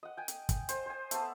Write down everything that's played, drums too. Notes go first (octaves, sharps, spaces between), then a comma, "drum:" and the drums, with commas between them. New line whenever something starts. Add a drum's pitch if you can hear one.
D#5 F#5
G5 G#5
drum: hi-hat
drum: kick, hi-hat
C5, drum: hi-hat
C5 G#5
A3 B3 A4, drum: hi-hat